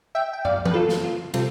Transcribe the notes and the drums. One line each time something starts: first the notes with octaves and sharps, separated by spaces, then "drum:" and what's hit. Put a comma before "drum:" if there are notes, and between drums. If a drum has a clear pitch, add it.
E5 G5
G5
D5 F5, drum: tom
B4, drum: tom E3
F4 A4
drum: snare
F4
C3 G3 C4 F4 A4, drum: cymbal